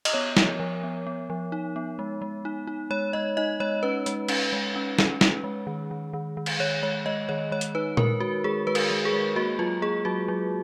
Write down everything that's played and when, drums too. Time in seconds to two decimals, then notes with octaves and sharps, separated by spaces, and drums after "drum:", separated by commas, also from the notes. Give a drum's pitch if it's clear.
0.05 D#5, drum: cymbal
0.14 B3 C#5
0.37 F3, drum: snare
0.60 F3
0.83 B3
1.07 B3
1.30 F3
1.52 D#4
1.76 B3
1.99 G#3
2.22 G#3
2.45 D#4
2.67 D#4
2.90 G#3 C#5
3.13 G#3 D#5
3.37 D#4 D#5
3.60 G#3 C#5
3.83 C#4 B4
4.06 G#3, drum: hi-hat
4.28 C#4, drum: cymbal
4.53 G#3
4.76 C#4
4.99 C#4, drum: snare
5.21 C#4, drum: snare
5.44 G#3
5.67 D#3
5.91 D#3
6.13 D#3
6.37 D#3
6.46 drum: cymbal
6.59 D#3 C#5
6.83 G#3 C#5
7.06 G#3 D#5
7.29 D#3 C#5
7.52 G#3 C#5
7.61 drum: hi-hat
7.75 D#4 B4
7.97 G#3 A#4, drum: tom A#2
8.20 G#3 F#4
8.44 G#3 G#4
8.67 G#3 B4
8.75 A#4, drum: cymbal
8.91 G#3
9.05 G#4
9.13 G#3
9.36 A#3 F#4
9.59 F#3 F4
9.82 A#3 G#4
10.05 F#3 F#4
10.28 F#3